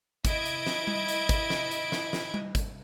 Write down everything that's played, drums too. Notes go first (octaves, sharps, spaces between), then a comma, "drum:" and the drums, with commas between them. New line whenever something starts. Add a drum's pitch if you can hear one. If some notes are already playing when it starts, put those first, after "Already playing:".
E4 D#5 G#6 D7, drum: kick, hi-hat
drum: hi-hat
drum: snare
drum: tom G3
drum: hi-hat
drum: kick, hi-hat
drum: snare
drum: hi-hat
drum: snare
drum: snare
drum: tom G3
drum: kick, hi-hat